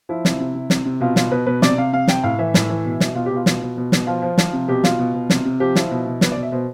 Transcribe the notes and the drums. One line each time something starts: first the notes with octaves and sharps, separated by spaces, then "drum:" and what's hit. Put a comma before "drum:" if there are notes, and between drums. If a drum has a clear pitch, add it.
F3 E4
C3, drum: snare
C3
C3
C3, drum: snare
C3
B2 F4
B2 F4, drum: snare
B2 B4
B2 B4
C3 D5, drum: snare
C3 F5
C3 F5
C3 G5, drum: snare
A2 F5
E3 E5
A2, drum: snare
E3
B2
B2, drum: snare
B2 F4
G4
B2
F4
B2, drum: snare
B2
B2
B2, drum: snare
F3 F4
F3
F3, drum: snare
C3
B2 G4
B2 F4, drum: snare
B2
B2
C3, drum: snare
C3
F3 G4
F3 E4, drum: snare
B2
B2
B2 B4, drum: snare
D5
B2
E5
B2 C5